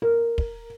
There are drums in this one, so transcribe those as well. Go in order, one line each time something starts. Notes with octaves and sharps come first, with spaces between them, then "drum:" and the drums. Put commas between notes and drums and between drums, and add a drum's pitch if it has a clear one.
A#4
drum: kick